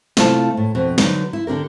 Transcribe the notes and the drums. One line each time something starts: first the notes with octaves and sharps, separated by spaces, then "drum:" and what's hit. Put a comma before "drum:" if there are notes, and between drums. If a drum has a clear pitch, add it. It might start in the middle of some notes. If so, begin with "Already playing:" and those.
C3 A3 E4 F4 A5, drum: snare
A2
F2 B2
D3 F#3 D#4 B4, drum: snare
E4
D3 D4 G4 A#4